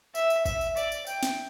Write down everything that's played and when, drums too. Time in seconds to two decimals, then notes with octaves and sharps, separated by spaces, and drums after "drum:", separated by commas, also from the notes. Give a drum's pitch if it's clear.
0.15 E5, drum: tambourine
0.30 drum: tambourine
0.46 E5, drum: kick G#1, tambourine
0.61 drum: tambourine
0.77 D5, drum: tambourine
0.92 drum: tambourine
1.07 G5, drum: tambourine
1.23 drum: snare